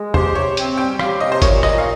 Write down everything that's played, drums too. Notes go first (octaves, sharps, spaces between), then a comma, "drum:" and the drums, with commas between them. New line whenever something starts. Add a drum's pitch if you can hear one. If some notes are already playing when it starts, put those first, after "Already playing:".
Already playing: G#3
G4 C5, drum: tom
C3 C#5
C4, drum: hi-hat
G3 G5
G4 F5, drum: rim click
C3 D#5
C5
A#2 C#5, drum: kick G#1, hi-hat
A#2 D#5, drum: rim click
F5